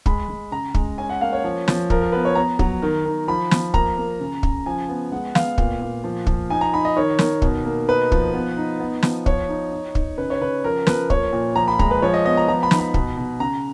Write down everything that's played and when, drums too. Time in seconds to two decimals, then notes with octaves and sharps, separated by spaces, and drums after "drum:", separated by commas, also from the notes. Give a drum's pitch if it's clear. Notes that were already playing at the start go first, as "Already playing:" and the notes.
0.06 G#3 B5, drum: kick
0.29 G#3
0.51 C#3 A#5
0.74 G#3, drum: kick
0.98 C#4 G#5
1.09 F#5
1.21 A#3 F5
1.33 C#5
1.44 F3
1.68 F3, drum: snare
1.90 F3 A#4, drum: kick
2.01 A#4
2.12 B3 B4
2.25 C#5
2.35 B3 A#5
2.59 F#3, drum: kick
2.83 D#3
3.05 D#3
3.28 F3 B5
3.51 F3, drum: snare
3.74 A#3 A#5, drum: kick
3.97 A#3
4.20 C#3
4.43 C#3, drum: kick
4.66 F3 G#5
4.89 B3
5.12 G#3 F#5
5.35 B3 F5, drum: snare
5.58 A#2, drum: kick
5.82 A#2
6.04 F3
6.27 F3, drum: kick
6.50 D#4 G#5
6.61 A#5
6.73 D#4 B5
6.85 D#5
6.97 D#3 C#5
7.19 D#3, drum: snare
7.42 B2, drum: kick
7.65 A#3
7.88 D#4 B4
8.12 F3, drum: kick
8.34 B3
8.57 D#4
8.80 B3
9.03 F3, drum: snare
9.26 F3 C#5, drum: kick
9.49 D#4
9.73 D#4
9.95 D#4, drum: kick
10.18 C#3 B4
10.30 C#5
10.41 C#3 B4
10.64 F3 A#4
10.87 F3 B4, drum: snare
11.10 A#3 C#5, drum: kick
11.33 A#2
11.56 F3 A#5
11.68 B5
11.79 G#3 A#5, drum: kick
11.91 B4
12.02 F3 C#5
12.14 D#5
12.25 B3 D#5
12.37 A#5
12.48 F3 A#5
12.63 B5
12.71 D#4, drum: snare
12.79 B5
12.94 B2, drum: kick
13.17 B2
13.40 C#3 A#5